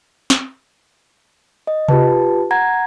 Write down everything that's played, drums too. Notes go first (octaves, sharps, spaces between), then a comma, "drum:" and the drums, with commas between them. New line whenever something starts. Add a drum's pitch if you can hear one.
drum: snare
D#5
F4 G4 B4 A5, drum: tom C3
F#5 A#5 G#6